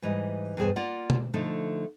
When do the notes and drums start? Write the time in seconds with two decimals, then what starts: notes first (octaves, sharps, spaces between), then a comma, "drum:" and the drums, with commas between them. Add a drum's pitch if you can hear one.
0.02 G#2 E3 G3 D#5
0.57 E2 G2 B2 G#4 C5 G#5
0.76 A#3 F4 D5 F#5
1.10 drum: tom B2
1.34 D3 F3 A3 D#4